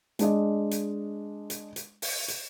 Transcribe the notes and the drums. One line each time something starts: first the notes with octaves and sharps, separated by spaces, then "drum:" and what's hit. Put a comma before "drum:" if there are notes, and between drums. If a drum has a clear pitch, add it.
G#3 D4 D#5, drum: hi-hat
drum: hi-hat
drum: hi-hat
drum: hi-hat
drum: open hi-hat
drum: hi-hat